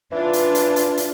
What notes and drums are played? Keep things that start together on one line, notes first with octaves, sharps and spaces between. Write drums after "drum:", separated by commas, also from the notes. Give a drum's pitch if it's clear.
E3 D4 F4
drum: hi-hat
drum: hi-hat
drum: hi-hat
drum: hi-hat